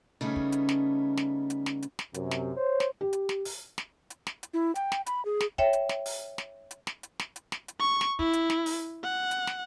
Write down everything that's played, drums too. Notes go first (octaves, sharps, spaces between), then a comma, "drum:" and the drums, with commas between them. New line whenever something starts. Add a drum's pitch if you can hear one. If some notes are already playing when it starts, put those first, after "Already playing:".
C#3 G3 A3 B3 C#4 D#4
drum: kick
drum: hi-hat
drum: snare
drum: snare
drum: hi-hat
drum: snare
drum: hi-hat
drum: snare
F#2 C3, drum: hi-hat
drum: snare
C5 C#5
drum: snare
G4
drum: hi-hat
drum: snare
drum: open hi-hat
drum: snare
drum: hi-hat
drum: snare
drum: hi-hat
E4
G5, drum: hi-hat
drum: snare
B5, drum: hi-hat
G#4
drum: snare
C#5 E5 G5, drum: kick
drum: hi-hat
drum: snare
drum: open hi-hat
drum: snare
drum: hi-hat
drum: snare
drum: hi-hat
drum: snare
drum: hi-hat
drum: snare
drum: hi-hat
C#6
drum: snare
E4, drum: kick
drum: hi-hat
drum: snare
drum: open hi-hat
F#5
drum: hi-hat
drum: snare